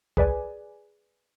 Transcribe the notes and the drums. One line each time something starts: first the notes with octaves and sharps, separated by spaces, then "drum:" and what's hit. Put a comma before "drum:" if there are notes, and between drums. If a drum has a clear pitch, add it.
G#4 B4 D5 G#5, drum: kick C#2